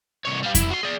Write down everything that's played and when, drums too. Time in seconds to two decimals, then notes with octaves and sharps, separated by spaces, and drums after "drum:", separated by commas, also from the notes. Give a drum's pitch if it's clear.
0.25 C2 C#5
0.43 G3 F5
0.55 C2 E4, drum: kick F2, hi-hat
0.70 F#4 C6
0.83 G#4 D5